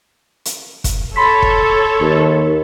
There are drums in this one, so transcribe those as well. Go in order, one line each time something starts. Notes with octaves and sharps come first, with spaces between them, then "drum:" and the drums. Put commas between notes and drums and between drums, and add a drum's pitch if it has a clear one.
drum: hi-hat
drum: kick F1, hi-hat
A4 C#5 B5 C6 B6
drum: kick F1
D#2